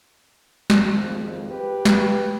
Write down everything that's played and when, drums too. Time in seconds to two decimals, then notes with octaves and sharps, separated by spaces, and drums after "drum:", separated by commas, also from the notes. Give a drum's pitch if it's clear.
0.70 drum: snare
0.89 G#1 F2 F3
1.50 G4 B4
1.85 drum: snare